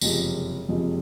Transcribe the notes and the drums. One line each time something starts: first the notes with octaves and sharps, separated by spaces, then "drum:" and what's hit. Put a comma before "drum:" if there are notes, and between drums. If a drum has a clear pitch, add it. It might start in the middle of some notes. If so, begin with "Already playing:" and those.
F#1 F2 C3 F3 G#3, drum: tambourine
F#1 F2 C3 F3 G#3